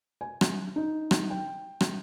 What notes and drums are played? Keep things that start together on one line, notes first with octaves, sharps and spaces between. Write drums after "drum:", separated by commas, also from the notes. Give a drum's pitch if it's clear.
G#5
drum: rim click
D#4
drum: rim click
G5
drum: rim click